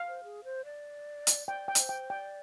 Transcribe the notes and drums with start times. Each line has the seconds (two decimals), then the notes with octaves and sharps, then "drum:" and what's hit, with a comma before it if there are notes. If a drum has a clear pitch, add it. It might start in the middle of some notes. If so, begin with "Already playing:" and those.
Already playing: F5
0.08 C5
0.24 G#4
0.44 C5
0.65 D5
1.27 drum: hi-hat
1.48 D5 G5
1.68 G5
1.75 D5, drum: hi-hat
1.79 C5
1.89 G5
2.10 D5 G5